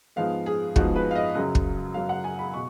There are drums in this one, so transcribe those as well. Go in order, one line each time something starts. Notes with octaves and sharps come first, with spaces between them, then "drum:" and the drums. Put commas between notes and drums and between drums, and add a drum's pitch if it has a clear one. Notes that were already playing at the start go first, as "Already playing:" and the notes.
G#2 F3 G#3 B3 F5
G#4
G#2 F3 G#3 B3 F#4, drum: kick
B4
F5
D#5
F#2 C#3 F#3
drum: kick
F#2 C#3 F#3 F5
F#5
G#5
B5
B2 C#6